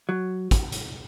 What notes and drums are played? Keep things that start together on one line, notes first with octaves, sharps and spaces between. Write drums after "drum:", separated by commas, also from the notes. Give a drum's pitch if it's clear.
F#3
drum: kick, hi-hat
drum: hi-hat